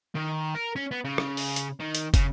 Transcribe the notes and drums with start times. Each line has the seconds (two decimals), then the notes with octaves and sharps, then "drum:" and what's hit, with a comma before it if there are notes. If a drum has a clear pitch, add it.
0.15 D#3
0.55 A#4
0.76 C#4
0.91 B3
1.05 C#3
1.18 drum: rim click
1.37 drum: open hi-hat
1.56 drum: hi-hat
1.80 D#3
1.95 drum: hi-hat
2.14 C#3, drum: kick, hi-hat